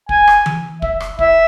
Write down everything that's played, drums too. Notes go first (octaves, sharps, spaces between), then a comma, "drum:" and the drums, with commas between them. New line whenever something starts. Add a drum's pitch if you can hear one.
G#5, drum: kick
drum: rim click
drum: tom E3
E5, drum: kick
drum: rim click
E5, drum: kick